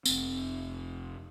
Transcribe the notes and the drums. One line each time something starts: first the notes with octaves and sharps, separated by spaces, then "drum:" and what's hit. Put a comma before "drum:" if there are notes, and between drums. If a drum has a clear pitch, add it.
F1 C4, drum: tambourine